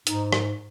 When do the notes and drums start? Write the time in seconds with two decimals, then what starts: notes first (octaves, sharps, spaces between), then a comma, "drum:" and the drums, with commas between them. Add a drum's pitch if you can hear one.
0.07 G#2 D#4, drum: hi-hat
0.33 drum: rim click